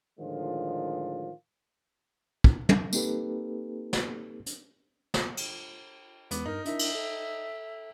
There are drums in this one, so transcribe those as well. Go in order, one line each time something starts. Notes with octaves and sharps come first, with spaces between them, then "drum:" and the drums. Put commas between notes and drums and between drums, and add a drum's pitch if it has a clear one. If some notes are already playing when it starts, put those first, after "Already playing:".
A2 D3 D#3 F3 G#3 F4
drum: kick
drum: tom
A#3 C4 D#4 G4 A4 B4, drum: tambourine
drum: snare
drum: hi-hat
drum: snare
drum: cymbal
E2 G#3 B3 D6, drum: hi-hat
G2 D#4 A#4
D4 E4 A#4 E5, drum: hi-hat
drum: cymbal
A4